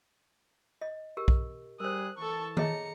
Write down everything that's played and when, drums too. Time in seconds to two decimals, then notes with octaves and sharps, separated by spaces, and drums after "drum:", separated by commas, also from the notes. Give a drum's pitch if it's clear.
0.81 D#5
1.17 G4 A#4
1.28 drum: kick B1
1.80 G3 G#4 A#4 C5 D#6 F#6
2.18 E3 A4 A5 C#6
2.57 G#4 C#5 D#5 A#5 C#7, drum: tom D#3